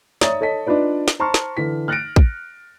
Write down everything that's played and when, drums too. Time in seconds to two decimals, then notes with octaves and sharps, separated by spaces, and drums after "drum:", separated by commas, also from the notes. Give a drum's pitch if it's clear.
0.21 C#5 D5 E5 A#5 D#6 A6, drum: snare
0.41 A4 C#5 D#5 A5 B6
0.67 D4 D#4 F4 B4 D5
1.08 drum: snare
1.19 C5 A5 A#5 C6 C#6 F6
1.34 drum: snare
1.57 D3 E3 B6
1.88 F6 F#6 A6 A#6 C#7 D7
2.16 drum: kick